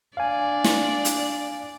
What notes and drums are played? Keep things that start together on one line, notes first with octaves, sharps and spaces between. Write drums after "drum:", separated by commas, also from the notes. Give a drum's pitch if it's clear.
D4 D5 F5 G#5
drum: snare
drum: hi-hat